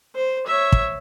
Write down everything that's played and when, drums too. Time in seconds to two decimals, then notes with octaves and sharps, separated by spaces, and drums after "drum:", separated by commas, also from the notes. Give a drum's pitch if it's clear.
0.15 C5
0.47 C#5 E5
0.72 drum: kick